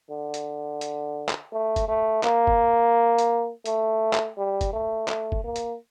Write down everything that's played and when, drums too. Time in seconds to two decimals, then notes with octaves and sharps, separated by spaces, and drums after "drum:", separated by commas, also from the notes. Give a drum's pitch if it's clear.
0.10 D3
0.34 drum: hi-hat
0.81 drum: hi-hat
1.29 drum: clap
1.52 A3
1.76 drum: kick, hi-hat
1.88 A3
2.23 A#3, drum: clap
2.47 drum: kick
3.19 drum: hi-hat
3.66 A3, drum: hi-hat
4.13 drum: clap
4.38 G3
4.61 drum: kick, hi-hat
4.73 A3
5.08 A3, drum: clap
5.32 drum: kick
5.44 A#3
5.56 drum: hi-hat